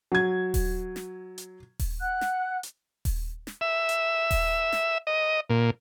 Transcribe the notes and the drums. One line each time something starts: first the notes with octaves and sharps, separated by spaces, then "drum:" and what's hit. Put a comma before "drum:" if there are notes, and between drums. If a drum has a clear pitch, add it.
F#3 G#6
drum: kick D#1, open hi-hat
drum: snare
drum: hi-hat
drum: kick D#1, open hi-hat
F#5 F#6
drum: snare
drum: hi-hat
drum: kick D#1, open hi-hat
drum: snare
E5
drum: hi-hat
drum: kick D#1, open hi-hat
drum: snare
D#5
A#2